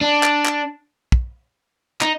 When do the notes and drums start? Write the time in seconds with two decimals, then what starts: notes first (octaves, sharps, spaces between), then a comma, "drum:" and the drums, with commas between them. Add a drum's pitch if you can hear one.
0.01 D4
0.23 drum: clap
0.46 drum: clap
1.12 drum: kick
2.01 D#4, drum: clap